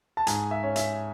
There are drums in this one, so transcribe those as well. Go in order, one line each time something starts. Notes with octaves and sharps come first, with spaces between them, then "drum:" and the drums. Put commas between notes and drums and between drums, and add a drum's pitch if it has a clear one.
A5
G#2 G#5, drum: hi-hat
E5
C#4
E5, drum: hi-hat